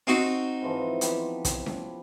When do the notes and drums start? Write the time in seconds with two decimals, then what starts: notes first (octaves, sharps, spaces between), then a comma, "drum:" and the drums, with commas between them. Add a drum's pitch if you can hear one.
0.07 C4 D#4 F#4
0.62 G#2 E3 F3
1.01 F3 B3 G4, drum: hi-hat
1.45 drum: kick, hi-hat
1.66 drum: snare C#4